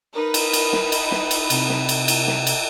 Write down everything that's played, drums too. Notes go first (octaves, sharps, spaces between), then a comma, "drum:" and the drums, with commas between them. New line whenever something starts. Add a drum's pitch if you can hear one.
D#4 A#4 B4
drum: cymbal
drum: cymbal
drum: snare
drum: cymbal
drum: snare
drum: cymbal
C3, drum: cymbal
drum: snare
drum: cymbal
drum: cymbal
drum: snare
drum: cymbal